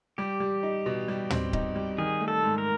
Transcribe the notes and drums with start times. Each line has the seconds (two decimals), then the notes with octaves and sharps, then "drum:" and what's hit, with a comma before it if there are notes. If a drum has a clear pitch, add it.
0.18 G3 G4
0.40 G3
0.63 D#4
0.86 B2
1.08 G3
1.30 C4, drum: tom
1.53 D#4, drum: kick C#1
1.76 G3
1.98 D#3 G#4
2.20 A3
2.28 A4
2.43 G#2
2.58 A#4